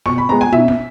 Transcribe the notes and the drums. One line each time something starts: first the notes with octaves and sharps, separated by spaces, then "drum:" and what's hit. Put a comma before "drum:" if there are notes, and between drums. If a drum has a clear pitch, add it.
B2 C#6, drum: snare
B5
G#3 B3 A#5
G#5
B2 E5, drum: tom
drum: snare